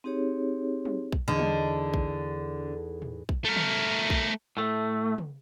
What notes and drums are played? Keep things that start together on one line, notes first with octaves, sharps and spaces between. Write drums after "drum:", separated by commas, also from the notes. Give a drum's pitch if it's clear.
C4 D#4 G4 G#4 C#5
drum: tom
drum: kick A#1
E2 D3 D#4 F6
drum: tom
drum: kick A#1
drum: tom
drum: kick A#1
A3 A#4
drum: tom
drum: kick A#1
A2 A3
drum: tom